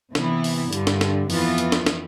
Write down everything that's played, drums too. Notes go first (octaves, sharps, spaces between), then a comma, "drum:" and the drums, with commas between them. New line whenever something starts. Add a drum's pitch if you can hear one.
C3 E3 B3 E4, drum: snare
drum: open hi-hat
G2 D3 G3, drum: hi-hat
drum: snare
drum: snare
F2 E3 B3 F4, drum: open hi-hat
drum: hi-hat
drum: snare
drum: snare